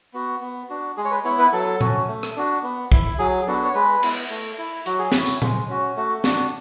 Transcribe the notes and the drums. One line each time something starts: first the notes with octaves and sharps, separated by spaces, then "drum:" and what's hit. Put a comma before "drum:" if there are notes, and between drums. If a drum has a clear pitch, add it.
B3 F#4
B3
D4 F#4
G#3 G#4
C#5
B4
B3 E4 C#5
B4
F#3 A4
C#4 F#4, drum: tom A#2
A3
drum: rim click
D4 F#4
B3
E4, drum: kick B1
F#3 G#4
G#4
B3 D4 F#4 A4
C#5
G#3 B4
B3 E4, drum: cymbal
A3
E4
F#3 F#4, drum: hi-hat
G#4
C#4 E4 F#4, drum: snare
drum: tambourine
G#3, drum: tom A#2
C#4 F#4
A3 F#4
D4 F#4, drum: snare